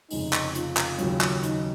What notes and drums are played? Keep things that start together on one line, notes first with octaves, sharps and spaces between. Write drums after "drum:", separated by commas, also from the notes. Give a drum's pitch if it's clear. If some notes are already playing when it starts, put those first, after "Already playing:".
F1 F2 C#3 G#3 D#4, drum: open hi-hat
drum: clap
F4, drum: hi-hat
drum: clap
D#2 C#3 F#3, drum: hi-hat
drum: clap
D#4, drum: hi-hat